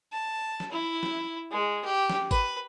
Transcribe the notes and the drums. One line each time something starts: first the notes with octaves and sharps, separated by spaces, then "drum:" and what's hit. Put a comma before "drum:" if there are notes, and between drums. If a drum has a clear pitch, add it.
A5
drum: snare
E4
drum: snare
G#3
G4
drum: snare
B4, drum: kick G#1, tambourine